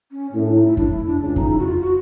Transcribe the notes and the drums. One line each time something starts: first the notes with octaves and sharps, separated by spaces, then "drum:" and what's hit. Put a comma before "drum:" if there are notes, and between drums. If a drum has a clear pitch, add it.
C#4
A2 C#4
D4
D#4
F4
E4
D4, drum: kick F2
E4
D4
C#2 C#3 D4
D#4, drum: kick F2
E4
F#4
F4
F#4